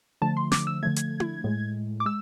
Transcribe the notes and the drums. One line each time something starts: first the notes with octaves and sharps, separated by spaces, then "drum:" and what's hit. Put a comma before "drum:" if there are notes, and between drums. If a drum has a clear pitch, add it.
D3 F3 A3 A5
C6
D6, drum: snare
E6
D3 F3 A3 G#6
drum: hi-hat
drum: tom E4
A2 G#3
D6
G#3 E6